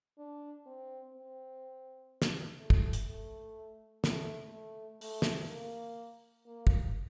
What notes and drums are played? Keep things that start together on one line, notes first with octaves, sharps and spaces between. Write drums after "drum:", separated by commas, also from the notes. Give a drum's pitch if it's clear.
D4
C4
C4
drum: snare
A3
drum: kick
drum: hi-hat
A3
A3, drum: snare
A3
A3, drum: open hi-hat
drum: snare
A#3
A#3
drum: kick